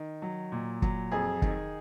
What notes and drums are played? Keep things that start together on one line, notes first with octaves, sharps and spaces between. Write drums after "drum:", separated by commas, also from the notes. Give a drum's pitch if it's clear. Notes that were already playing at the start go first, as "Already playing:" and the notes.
Already playing: D#3
F#3
A#2
F#3, drum: kick
F2 G#4
D#3, drum: kick